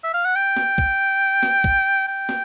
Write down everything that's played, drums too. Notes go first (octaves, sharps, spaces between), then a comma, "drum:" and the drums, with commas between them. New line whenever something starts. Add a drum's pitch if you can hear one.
E5
F5
F#5
G5
drum: snare
drum: kick
drum: snare
drum: kick
G5
drum: snare